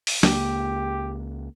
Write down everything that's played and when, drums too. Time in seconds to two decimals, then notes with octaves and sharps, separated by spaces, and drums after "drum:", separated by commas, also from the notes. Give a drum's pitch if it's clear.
0.07 drum: open hi-hat
0.23 C#2 A#3 G4, drum: snare